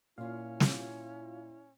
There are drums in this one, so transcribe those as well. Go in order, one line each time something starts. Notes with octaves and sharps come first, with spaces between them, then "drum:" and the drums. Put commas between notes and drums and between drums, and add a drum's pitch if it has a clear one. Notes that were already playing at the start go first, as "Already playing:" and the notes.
A#2 C#4 E4 F4 F5
drum: snare